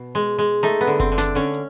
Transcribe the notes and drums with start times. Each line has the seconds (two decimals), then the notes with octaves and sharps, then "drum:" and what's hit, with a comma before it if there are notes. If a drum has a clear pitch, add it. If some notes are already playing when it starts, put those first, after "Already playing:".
Already playing: B2
0.15 G#3
0.38 G#3
0.63 A3 D#4, drum: open hi-hat
0.81 B3
0.87 D3
1.00 C4, drum: kick F#1, hi-hat
1.12 D3
1.18 D4, drum: snare
1.35 D3 C#4, drum: hi-hat
1.54 drum: hi-hat